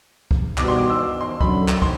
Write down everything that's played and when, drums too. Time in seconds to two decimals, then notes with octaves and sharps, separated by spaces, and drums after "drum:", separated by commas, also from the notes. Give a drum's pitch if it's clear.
0.31 drum: kick
0.58 B2 G3 B3 F#4 D6, drum: clap
0.68 C6
0.78 D6
0.90 E6
1.21 C6
1.41 F#2 D3 F#3 B5, drum: kick
1.68 drum: clap
1.82 C6, drum: kick